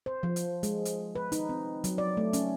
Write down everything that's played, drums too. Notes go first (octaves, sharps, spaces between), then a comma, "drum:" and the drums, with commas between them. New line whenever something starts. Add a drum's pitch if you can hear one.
C5
F3
drum: hi-hat
G#3, drum: hi-hat
drum: hi-hat
B4
D#4, drum: hi-hat
C4
F#3, drum: hi-hat
D5
A3
C#4, drum: hi-hat